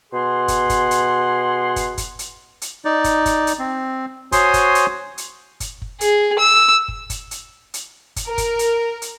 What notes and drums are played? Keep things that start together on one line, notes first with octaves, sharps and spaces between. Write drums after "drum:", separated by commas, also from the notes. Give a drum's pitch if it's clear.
B2 G#4 F#5 C6
drum: kick, hi-hat
drum: kick, hi-hat
drum: hi-hat
drum: kick, hi-hat
drum: kick, hi-hat
drum: hi-hat
drum: hi-hat
D#4 D5
drum: kick, hi-hat
drum: kick, hi-hat
drum: hi-hat
C4
F#4 C5 C#5 G#5 C6 D#6, drum: kick, hi-hat
drum: kick, hi-hat
drum: hi-hat
drum: hi-hat
drum: kick, hi-hat
drum: kick
G#4, drum: hi-hat
E6
drum: kick
drum: kick, hi-hat
drum: hi-hat
drum: hi-hat
drum: kick, hi-hat
A#4
drum: kick, hi-hat
drum: hi-hat
drum: hi-hat